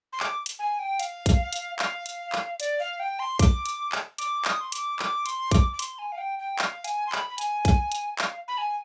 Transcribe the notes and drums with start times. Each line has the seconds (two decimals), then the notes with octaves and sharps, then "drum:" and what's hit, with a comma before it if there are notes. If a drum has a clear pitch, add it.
0.13 C6
0.20 D6, drum: clap
0.46 drum: hi-hat
0.59 G#5
0.79 G5
0.99 F5, drum: hi-hat
1.26 drum: kick, hi-hat
1.53 drum: hi-hat
1.79 F5, drum: clap
2.06 drum: hi-hat
2.32 drum: clap
2.60 D5, drum: hi-hat
2.79 F5
3.00 G5
3.19 C6
3.39 D6, drum: kick, hi-hat
3.66 drum: hi-hat
3.92 drum: clap
4.18 D6, drum: hi-hat
4.45 D#6, drum: clap
4.61 C6
4.72 D6, drum: hi-hat
4.99 D6, drum: clap
5.26 C6, drum: hi-hat
5.51 D6, drum: kick, hi-hat
5.73 D6
5.79 C6, drum: hi-hat
5.99 G#5
6.12 F5
6.18 G5
6.39 G5
6.59 F5, drum: clap
6.84 G#5, drum: hi-hat
7.07 C6
7.12 B5, drum: clap
7.30 B5
7.38 G#5, drum: hi-hat
7.65 drum: kick, hi-hat
7.92 drum: hi-hat
8.19 F5, drum: clap
8.48 B5
8.58 G#5